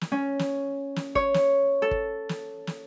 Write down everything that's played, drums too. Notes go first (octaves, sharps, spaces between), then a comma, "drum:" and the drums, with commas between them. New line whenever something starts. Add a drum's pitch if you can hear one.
drum: snare
C#4
drum: snare
drum: snare
C#5, drum: kick
drum: snare
A4
drum: kick
drum: snare
drum: snare